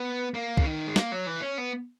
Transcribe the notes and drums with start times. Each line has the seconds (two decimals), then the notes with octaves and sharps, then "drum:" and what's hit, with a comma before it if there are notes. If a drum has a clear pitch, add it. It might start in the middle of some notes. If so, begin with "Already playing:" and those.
Already playing: B3
0.34 A#3
0.57 C#3, drum: kick
0.65 D#3
0.87 G#3
0.96 A#3, drum: snare
1.12 F#3
1.27 E3
1.42 C#4
1.58 B3